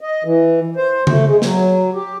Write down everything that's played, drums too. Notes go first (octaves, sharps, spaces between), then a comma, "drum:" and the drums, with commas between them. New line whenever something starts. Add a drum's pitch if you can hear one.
D#5
E3
C5
A3, drum: tom C#3
G#3
F#3, drum: snare
G4